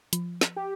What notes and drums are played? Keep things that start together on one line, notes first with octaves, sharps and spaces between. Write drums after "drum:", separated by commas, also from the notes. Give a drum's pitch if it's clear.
F3, drum: hi-hat
drum: snare
G4